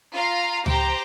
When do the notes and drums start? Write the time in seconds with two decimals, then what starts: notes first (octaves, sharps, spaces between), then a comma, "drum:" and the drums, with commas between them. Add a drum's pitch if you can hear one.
0.13 F4 F5 A#5
0.66 G4 C5 G5 A#5, drum: tom C#2